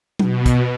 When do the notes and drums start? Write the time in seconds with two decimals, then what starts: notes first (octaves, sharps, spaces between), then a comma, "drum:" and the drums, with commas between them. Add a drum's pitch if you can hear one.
0.19 B2, drum: tom F#3
0.46 drum: kick, hi-hat